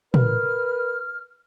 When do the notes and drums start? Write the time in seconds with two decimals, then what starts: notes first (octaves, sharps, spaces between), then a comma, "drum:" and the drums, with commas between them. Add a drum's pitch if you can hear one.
0.14 A#4 B4 F6, drum: tom